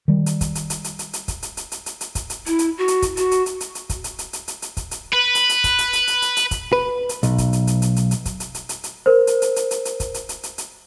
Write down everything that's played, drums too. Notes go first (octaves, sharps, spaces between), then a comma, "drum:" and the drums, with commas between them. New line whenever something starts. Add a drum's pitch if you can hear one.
D#3 G3
drum: hi-hat
drum: kick, hi-hat
drum: hi-hat
drum: hi-hat
drum: hi-hat
drum: hi-hat
drum: hi-hat
drum: kick, hi-hat
drum: hi-hat
drum: hi-hat
drum: hi-hat
drum: hi-hat
drum: hi-hat
drum: kick, hi-hat
drum: hi-hat
E4, drum: hi-hat
drum: hi-hat
F#4
drum: hi-hat
drum: kick, hi-hat
F#4, drum: hi-hat
drum: hi-hat
drum: hi-hat
drum: hi-hat
drum: hi-hat
drum: kick, hi-hat
drum: hi-hat
drum: hi-hat
drum: hi-hat
drum: hi-hat
drum: hi-hat
drum: kick, hi-hat
drum: hi-hat
B4
drum: hi-hat
drum: hi-hat
drum: kick, hi-hat
drum: hi-hat
drum: hi-hat
drum: hi-hat
drum: hi-hat
drum: hi-hat
drum: kick, hi-hat
B4
drum: hi-hat
B1, drum: hi-hat
drum: kick, hi-hat
drum: hi-hat
drum: hi-hat
drum: hi-hat
drum: hi-hat
drum: hi-hat
drum: kick, hi-hat
drum: hi-hat
drum: hi-hat
drum: hi-hat
drum: hi-hat
A#4 C5
drum: hi-hat
drum: hi-hat
drum: hi-hat
drum: hi-hat
drum: hi-hat
drum: kick, hi-hat
drum: hi-hat
drum: hi-hat
drum: hi-hat
drum: hi-hat